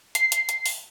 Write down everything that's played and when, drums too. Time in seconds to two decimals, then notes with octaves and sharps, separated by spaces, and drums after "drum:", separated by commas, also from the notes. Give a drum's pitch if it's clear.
0.15 C7, drum: hi-hat
0.32 drum: hi-hat
0.49 drum: hi-hat
0.66 drum: open hi-hat